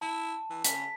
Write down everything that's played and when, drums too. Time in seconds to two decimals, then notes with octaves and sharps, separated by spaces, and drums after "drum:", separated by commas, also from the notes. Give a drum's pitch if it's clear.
0.01 E4 A5
0.50 E3
0.64 C#3 B6, drum: hi-hat